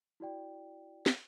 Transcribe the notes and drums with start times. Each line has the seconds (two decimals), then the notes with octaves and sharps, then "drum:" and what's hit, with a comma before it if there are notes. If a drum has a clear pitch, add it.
0.20 E4 F#4 D5 G5
1.06 drum: snare